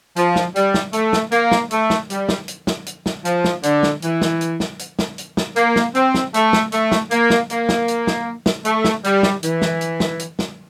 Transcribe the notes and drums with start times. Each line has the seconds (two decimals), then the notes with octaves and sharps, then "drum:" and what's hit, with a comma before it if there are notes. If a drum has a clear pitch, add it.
0.16 F3, drum: hi-hat
0.36 drum: snare
0.56 G3, drum: hi-hat
0.74 drum: snare
0.93 A3, drum: hi-hat
1.13 drum: snare
1.32 A#3, drum: hi-hat
1.51 drum: snare
1.71 A3, drum: hi-hat
1.90 drum: snare
2.10 G3, drum: hi-hat
2.29 drum: snare
2.48 drum: hi-hat
2.67 drum: snare
2.86 drum: hi-hat
3.06 drum: snare
3.25 F3, drum: hi-hat
3.44 drum: snare
3.63 D3, drum: hi-hat
3.83 drum: snare
4.02 E3, drum: hi-hat
4.21 drum: snare
4.41 drum: hi-hat
4.60 drum: snare
4.79 drum: hi-hat
4.99 drum: snare
5.18 drum: hi-hat
5.37 drum: snare
5.56 A#3, drum: hi-hat
5.76 drum: snare
5.95 C4, drum: hi-hat
6.14 drum: snare
6.34 A3, drum: hi-hat
6.53 drum: snare
6.72 A3, drum: hi-hat
6.92 drum: snare
7.11 A#3, drum: hi-hat
7.30 drum: snare
7.50 A#3, drum: hi-hat
7.69 drum: snare
7.88 drum: hi-hat
8.07 drum: snare
8.46 drum: snare
8.65 A3, drum: hi-hat
8.84 drum: snare
9.04 G3, drum: hi-hat
9.23 drum: snare
9.43 E3, drum: hi-hat
9.62 drum: snare
9.81 drum: hi-hat
10.00 drum: snare
10.19 drum: hi-hat
10.39 drum: snare